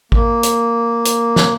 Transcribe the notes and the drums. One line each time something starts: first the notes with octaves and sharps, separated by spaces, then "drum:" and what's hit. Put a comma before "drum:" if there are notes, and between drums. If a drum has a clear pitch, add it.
A#3, drum: kick A1
drum: hi-hat
drum: hi-hat
drum: snare